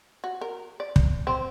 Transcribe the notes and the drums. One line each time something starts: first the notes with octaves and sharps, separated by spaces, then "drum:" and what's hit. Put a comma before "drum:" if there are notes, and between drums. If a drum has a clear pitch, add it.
F#4
A#4
D5
drum: kick
C4